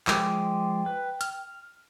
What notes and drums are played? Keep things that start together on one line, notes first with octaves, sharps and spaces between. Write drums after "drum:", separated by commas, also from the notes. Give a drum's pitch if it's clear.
F3 G#3 G5 D6, drum: clap
B4
F6, drum: hi-hat